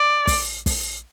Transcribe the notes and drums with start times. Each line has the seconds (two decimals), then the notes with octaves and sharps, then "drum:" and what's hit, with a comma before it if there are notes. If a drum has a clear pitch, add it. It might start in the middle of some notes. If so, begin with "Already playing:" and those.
Already playing: D5
0.27 drum: kick, open hi-hat
0.66 drum: kick, open hi-hat